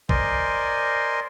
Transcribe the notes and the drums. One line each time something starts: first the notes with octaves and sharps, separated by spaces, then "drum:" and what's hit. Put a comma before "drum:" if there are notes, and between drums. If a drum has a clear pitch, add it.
A#4 C5 D5 D#5 G#5 C6, drum: kick A#1